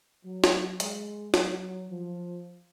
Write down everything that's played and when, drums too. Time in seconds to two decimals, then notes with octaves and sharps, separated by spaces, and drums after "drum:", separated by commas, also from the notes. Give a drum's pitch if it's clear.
0.24 F#3
0.44 drum: snare
0.80 G#3, drum: hi-hat
1.34 F#3, drum: snare
1.89 F3